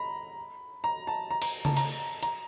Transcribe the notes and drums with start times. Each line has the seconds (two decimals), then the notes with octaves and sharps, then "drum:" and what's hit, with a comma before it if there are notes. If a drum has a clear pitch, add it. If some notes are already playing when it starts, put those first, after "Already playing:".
Already playing: A#5 B5
0.84 A#5
1.07 A5
1.31 A#5
1.42 A#5, drum: cymbal
1.65 A5, drum: tom C#3
1.77 A#5, drum: cymbal
2.23 A#5, drum: hi-hat